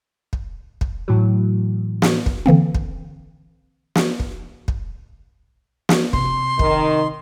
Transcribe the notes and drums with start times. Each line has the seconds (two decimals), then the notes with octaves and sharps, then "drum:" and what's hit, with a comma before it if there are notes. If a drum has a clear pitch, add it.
0.33 drum: kick
0.81 drum: kick
1.08 A2 E3 F#3
2.02 drum: snare
2.26 drum: kick
2.46 D3 E3 A#3 C4
2.75 drum: kick
3.95 drum: snare
4.20 drum: kick
4.68 drum: kick
5.89 drum: snare
6.13 C3 C6, drum: kick
6.59 D#3, drum: kick